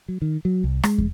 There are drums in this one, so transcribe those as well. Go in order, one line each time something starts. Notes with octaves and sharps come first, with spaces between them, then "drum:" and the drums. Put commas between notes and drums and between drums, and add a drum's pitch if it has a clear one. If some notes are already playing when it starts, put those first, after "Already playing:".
F#3
D#3
F#3
C2
G#3, drum: rim click
drum: kick